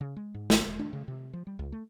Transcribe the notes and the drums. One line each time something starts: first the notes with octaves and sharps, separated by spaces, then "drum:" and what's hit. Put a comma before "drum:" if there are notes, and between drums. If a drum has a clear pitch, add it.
C#3
G#3
G#2
G#1, drum: snare
E1
D4
C#3
C3
F3
G3
C#2
A3